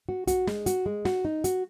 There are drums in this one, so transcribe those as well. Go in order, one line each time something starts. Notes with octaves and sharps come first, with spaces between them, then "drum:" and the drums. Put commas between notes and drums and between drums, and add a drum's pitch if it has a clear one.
F#4
F#4, drum: kick, hi-hat
G#3, drum: snare
F#4, drum: hi-hat
G#3
F#4, drum: snare
D#4
F#4, drum: hi-hat